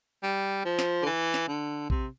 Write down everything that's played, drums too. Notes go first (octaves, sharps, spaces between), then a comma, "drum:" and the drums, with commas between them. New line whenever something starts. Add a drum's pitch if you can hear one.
G3
F3
drum: snare
D3
E3
drum: snare
D3
C3, drum: kick